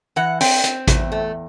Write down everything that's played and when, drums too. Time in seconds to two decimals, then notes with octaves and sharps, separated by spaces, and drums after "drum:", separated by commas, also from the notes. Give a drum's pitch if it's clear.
0.16 E3 F#5
0.41 C4 G5, drum: open hi-hat
0.64 C4, drum: hi-hat
0.87 E2, drum: kick A1, hi-hat
1.12 A3